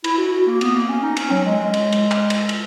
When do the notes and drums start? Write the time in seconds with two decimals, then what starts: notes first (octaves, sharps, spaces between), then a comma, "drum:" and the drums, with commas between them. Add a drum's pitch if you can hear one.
0.04 E4, drum: cymbal
0.18 F#4
0.32 F#4
0.46 A#3
0.61 B3, drum: cymbal
0.74 A#3
0.89 C#4
1.03 D#4
1.17 C#4, drum: cymbal
1.31 F#3
1.45 G#3
1.59 G#3
1.74 drum: cymbal
1.92 drum: cymbal
2.11 drum: clap
2.30 drum: cymbal
2.49 drum: cymbal